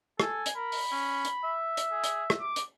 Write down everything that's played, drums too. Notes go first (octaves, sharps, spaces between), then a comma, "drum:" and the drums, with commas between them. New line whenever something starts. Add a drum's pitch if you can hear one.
A4 G#5, drum: rim click
drum: hi-hat
A#4 B5
drum: open hi-hat
C#4
drum: hi-hat
E5
drum: hi-hat
G#4
drum: hi-hat
drum: rim click
D6
drum: hi-hat